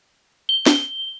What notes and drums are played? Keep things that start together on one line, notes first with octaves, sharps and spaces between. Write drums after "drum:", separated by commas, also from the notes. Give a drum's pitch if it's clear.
G7
drum: snare